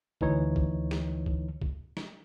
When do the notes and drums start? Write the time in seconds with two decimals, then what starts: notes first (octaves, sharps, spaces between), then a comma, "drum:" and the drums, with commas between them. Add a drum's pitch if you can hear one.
0.21 D2 E3 D#4 C#5, drum: kick
0.56 drum: kick
0.91 drum: snare
1.26 drum: kick
1.62 drum: kick
1.97 drum: snare